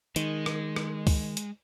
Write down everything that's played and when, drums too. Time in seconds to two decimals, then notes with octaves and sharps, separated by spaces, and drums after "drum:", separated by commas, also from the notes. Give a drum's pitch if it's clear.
0.16 D#3 G#3, drum: hi-hat
0.46 drum: rim click
0.76 drum: rim click
1.07 drum: kick C#2, open hi-hat
1.37 drum: hi-hat